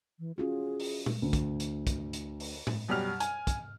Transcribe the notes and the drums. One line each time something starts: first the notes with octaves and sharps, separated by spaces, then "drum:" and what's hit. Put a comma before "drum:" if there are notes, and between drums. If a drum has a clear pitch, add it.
E3
C#4 F4 F#4 G#4
drum: open hi-hat
drum: tom A#2
D2
drum: kick, hi-hat
drum: hi-hat
drum: kick, hi-hat
drum: hi-hat
drum: open hi-hat
drum: tom A2
F#2 B2 G3 G4 F6 F7
G#5, drum: hi-hat
drum: kick, hi-hat